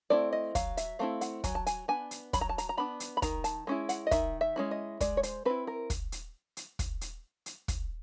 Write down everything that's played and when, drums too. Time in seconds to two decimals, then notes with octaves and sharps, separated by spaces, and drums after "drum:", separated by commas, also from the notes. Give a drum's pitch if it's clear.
0.10 A3 C4 E4 D5
0.33 D#5
0.55 F#3 F5, drum: kick, hi-hat
0.77 E5, drum: hi-hat
0.99 A3 C4 E4 F5
1.21 F#5, drum: hi-hat
1.44 F#3 G#5, drum: kick, hi-hat
1.55 A5
1.67 G#5, drum: hi-hat
1.88 B3 D4 G#5
2.11 drum: hi-hat
2.33 F#3 B5, drum: kick, hi-hat
2.41 A#5
2.49 A5
2.58 A#5, drum: hi-hat
2.69 A#5
2.77 B3 D4 B5
3.00 drum: hi-hat
3.17 B5
3.22 D#3 A#5, drum: kick, hi-hat
3.44 A5, drum: hi-hat
3.67 G#3 C#4 E4
3.89 F#5, drum: hi-hat
4.07 D#5
4.11 D#3 E5, drum: kick, hi-hat
4.41 E5
4.56 G#3 C#4 E4
4.71 D#5
5.00 G#3 D5, drum: kick, hi-hat
5.17 C#5
5.23 C5, drum: hi-hat
5.45 C4 E4 B4
5.67 A#4
5.90 drum: kick, hi-hat
6.12 drum: hi-hat
6.57 drum: hi-hat
6.79 drum: kick, hi-hat
7.01 drum: hi-hat
7.46 drum: hi-hat
7.68 drum: kick, hi-hat